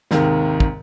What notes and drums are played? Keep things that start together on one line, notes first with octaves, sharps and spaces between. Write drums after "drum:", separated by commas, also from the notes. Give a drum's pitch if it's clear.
D#2 G#2 C3 D#3, drum: snare
drum: kick